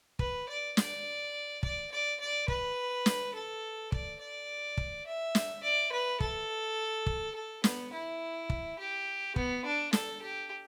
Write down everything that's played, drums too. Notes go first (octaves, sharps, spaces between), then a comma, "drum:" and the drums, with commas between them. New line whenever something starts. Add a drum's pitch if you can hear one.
B4, drum: kick
D5
D5, drum: snare
D5, drum: kick
D5
D5
B4, drum: kick
drum: snare
A4
D5, drum: kick
D5
drum: kick
E5
drum: snare
D5
B4
A4, drum: kick
drum: kick
A4
B3, drum: snare
E4
drum: kick
G4
B3, drum: kick
D4
A4, drum: snare
G4